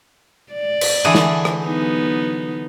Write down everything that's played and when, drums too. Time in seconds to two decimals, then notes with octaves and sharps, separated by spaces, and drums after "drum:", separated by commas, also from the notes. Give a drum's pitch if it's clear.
0.52 D5
0.81 drum: cymbal
1.05 D3 E3 G#4
1.15 drum: snare
1.45 drum: rim click
1.65 F#3 B3 D#4